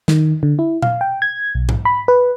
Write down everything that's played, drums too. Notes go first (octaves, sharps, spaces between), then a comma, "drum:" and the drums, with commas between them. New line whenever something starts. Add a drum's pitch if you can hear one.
D#3, drum: snare
D3
E4
F5, drum: tom A#2
G5
G#6
B1
drum: tom G#2
B5
B4